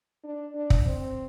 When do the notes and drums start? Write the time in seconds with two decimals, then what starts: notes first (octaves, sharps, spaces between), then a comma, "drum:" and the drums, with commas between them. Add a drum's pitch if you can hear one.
0.24 D4
0.54 D4
0.70 drum: kick
0.86 C4